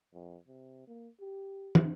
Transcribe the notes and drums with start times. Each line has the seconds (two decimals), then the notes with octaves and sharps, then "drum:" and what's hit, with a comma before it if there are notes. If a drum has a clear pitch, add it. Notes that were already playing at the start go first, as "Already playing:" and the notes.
0.14 F2
0.47 C3
0.87 A#3
1.21 G4
1.75 drum: tom